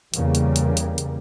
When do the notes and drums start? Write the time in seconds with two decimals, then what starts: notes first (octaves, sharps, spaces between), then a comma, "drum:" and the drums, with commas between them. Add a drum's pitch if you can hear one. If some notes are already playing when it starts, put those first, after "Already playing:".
0.14 E2 C#3 G3 A#3, drum: hi-hat
0.35 drum: hi-hat
0.56 drum: hi-hat
0.77 drum: hi-hat
0.98 drum: hi-hat